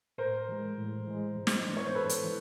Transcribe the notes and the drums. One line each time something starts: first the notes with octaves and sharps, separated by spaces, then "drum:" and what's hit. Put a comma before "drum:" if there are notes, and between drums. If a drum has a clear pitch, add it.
A2 A#4 C5
E3 G#3
A2
E3 G#3
G#2
drum: snare
E3 G#3 B3 D4
C#5
C5
G#2 A4 B4
drum: hi-hat
E3